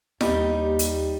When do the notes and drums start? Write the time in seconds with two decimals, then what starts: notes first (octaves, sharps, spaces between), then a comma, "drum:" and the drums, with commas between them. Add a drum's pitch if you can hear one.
0.21 D#2 G3 D#4, drum: snare E4
0.79 drum: hi-hat